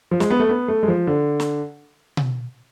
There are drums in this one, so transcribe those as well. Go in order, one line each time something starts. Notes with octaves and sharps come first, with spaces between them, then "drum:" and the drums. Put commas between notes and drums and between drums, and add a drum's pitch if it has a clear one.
F3
G#3, drum: snare
B3
A3
B3
A3
G#3
F3
D3
drum: snare
drum: tom B2